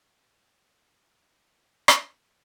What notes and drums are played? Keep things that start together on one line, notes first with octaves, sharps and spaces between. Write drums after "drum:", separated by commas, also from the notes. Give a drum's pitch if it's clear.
C#4 E4 D#5 F#5 G#5
drum: rim click